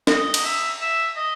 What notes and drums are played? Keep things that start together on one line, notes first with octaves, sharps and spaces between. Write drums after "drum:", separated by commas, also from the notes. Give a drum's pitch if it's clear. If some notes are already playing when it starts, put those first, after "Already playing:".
D#5, drum: snare
D#5, drum: cymbal
E5
E5
D#5